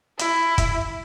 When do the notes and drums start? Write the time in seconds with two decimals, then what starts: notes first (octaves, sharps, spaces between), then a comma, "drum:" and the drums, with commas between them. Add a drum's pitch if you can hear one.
0.19 E4, drum: hi-hat
0.58 drum: kick, hi-hat